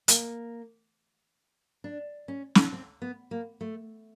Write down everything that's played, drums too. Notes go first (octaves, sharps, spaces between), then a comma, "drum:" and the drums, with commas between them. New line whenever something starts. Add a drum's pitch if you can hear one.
A#3, drum: hi-hat
D4
C#4
drum: snare
C4
B3
A#3
A3